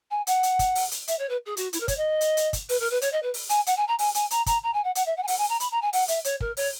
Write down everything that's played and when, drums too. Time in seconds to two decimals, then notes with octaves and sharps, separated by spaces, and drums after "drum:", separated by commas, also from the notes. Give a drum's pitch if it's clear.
0.11 G#5
0.27 F#5, drum: hi-hat
0.43 drum: hi-hat
0.59 drum: kick, hi-hat
0.75 drum: open hi-hat
0.91 drum: hi-hat
1.08 E5, drum: hi-hat
1.19 C#5
1.29 B4
1.46 G#4
1.57 F#4, drum: hi-hat
1.73 E4, drum: hi-hat
1.80 A#4
1.88 C#5, drum: kick, hi-hat
1.97 D#5
2.21 drum: hi-hat
2.37 drum: hi-hat
2.53 drum: kick, hi-hat
2.69 B4, drum: open hi-hat
2.80 A#4
2.91 B4
3.01 C#5, drum: hi-hat
3.12 D#5
3.22 B4
3.34 drum: open hi-hat
3.49 G#5, drum: hi-hat
3.66 F#5, drum: hi-hat
3.77 G#5
3.88 A#5
3.99 G#5, drum: open hi-hat
4.15 G#5, drum: hi-hat
4.31 A#5, drum: hi-hat
4.46 A#5, drum: kick, hi-hat
4.63 A#5
4.74 G#5
4.84 F#5
4.95 F#5, drum: hi-hat
5.06 E5
5.17 F#5
5.23 G#5
5.28 F#5, drum: open hi-hat
5.38 G#5
5.49 A#5
5.60 B5, drum: hi-hat
5.71 A#5
5.82 G#5
5.93 F#5, drum: open hi-hat
6.08 E5, drum: hi-hat
6.24 C#5, drum: hi-hat
6.40 A#4, drum: kick
6.57 C#5, drum: open hi-hat